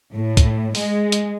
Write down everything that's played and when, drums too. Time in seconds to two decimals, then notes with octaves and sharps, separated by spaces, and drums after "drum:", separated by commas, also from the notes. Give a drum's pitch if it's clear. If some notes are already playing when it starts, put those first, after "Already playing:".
0.15 A2
0.37 drum: kick, hi-hat
0.75 G#3, drum: open hi-hat
1.12 drum: hi-hat